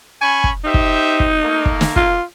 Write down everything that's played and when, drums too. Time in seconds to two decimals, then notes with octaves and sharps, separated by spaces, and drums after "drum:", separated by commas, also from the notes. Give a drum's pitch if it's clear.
0.21 C#4 G#5 B5 C#6
0.44 drum: kick
0.64 D#4 G4 C5 E5
0.74 drum: kick
1.20 drum: kick
1.41 A3 A#3
1.66 drum: kick
1.81 drum: snare
1.96 F4, drum: kick